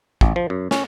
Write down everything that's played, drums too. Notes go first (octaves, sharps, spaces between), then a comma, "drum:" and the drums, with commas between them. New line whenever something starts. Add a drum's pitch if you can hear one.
A1, drum: kick
F3
F#2
C#4, drum: snare